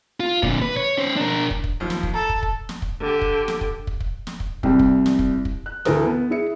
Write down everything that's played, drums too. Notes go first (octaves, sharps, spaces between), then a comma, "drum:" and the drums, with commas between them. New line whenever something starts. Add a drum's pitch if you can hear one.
F4
A#2 D3, drum: kick
B4
C#5
C#4 C5
D4 A#4
drum: kick
drum: kick
D#2 F3
drum: snare
drum: kick
A4 A#5
drum: kick
drum: kick
drum: snare
drum: kick
D3 G4
drum: kick
drum: snare
drum: kick
drum: kick
drum: kick
drum: snare
drum: kick
C2 G3 G5, drum: kick
drum: kick
drum: snare
drum: kick
drum: kick
F#6
D2 E3 A4 A#4 D#6, drum: snare
B3
E4 G#4 E5 C#7